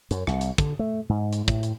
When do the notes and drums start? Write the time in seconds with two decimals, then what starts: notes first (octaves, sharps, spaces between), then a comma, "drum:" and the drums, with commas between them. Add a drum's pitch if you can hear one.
0.11 F#2, drum: hi-hat
0.27 C2, drum: rim click
0.41 drum: hi-hat
0.58 D3, drum: kick, hi-hat
0.79 A3
1.09 G#2
1.33 drum: hi-hat
1.48 A2, drum: kick, hi-hat
1.63 drum: hi-hat